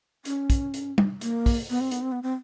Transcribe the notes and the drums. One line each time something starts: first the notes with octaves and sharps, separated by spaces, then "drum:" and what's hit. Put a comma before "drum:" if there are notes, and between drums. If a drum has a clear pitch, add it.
C#4, drum: hi-hat
drum: kick, hi-hat
drum: hi-hat
drum: tom
A#3, drum: hi-hat
drum: kick, open hi-hat
B3
C4
B3, drum: hi-hat
C4
B3
C4